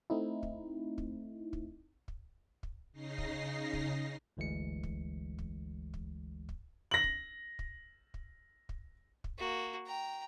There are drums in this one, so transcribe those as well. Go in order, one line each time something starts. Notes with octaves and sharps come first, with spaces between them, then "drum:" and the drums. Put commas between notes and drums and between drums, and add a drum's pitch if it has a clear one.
A3 C4 D#4 E4
drum: kick
drum: kick
drum: kick
drum: kick
drum: kick
C#3 D#4 A#6 C7
drum: kick
drum: kick
G1 D2 E3 G#3 C#7
drum: kick
drum: kick
drum: kick
drum: kick
A#6 F#7
drum: kick
drum: kick
drum: kick
drum: kick
drum: kick
A#3 F#4
G5 A#5